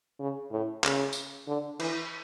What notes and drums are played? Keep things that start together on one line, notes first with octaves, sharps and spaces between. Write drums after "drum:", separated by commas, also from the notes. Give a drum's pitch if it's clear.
C#3
A2
C#3, drum: clap
drum: tambourine
D3
E3, drum: cymbal